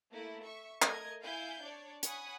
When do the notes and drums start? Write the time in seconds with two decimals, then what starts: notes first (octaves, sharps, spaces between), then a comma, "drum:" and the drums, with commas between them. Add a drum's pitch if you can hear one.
0.10 A3 A#3 E4
0.42 E5 C#6
0.82 A3 A#4 D#5 G#6, drum: clap
1.22 E4 F5 G#5 G6
1.60 D4 C#5 D5
2.03 C#5 F#5 G#5 B5 C#6 D#6, drum: hi-hat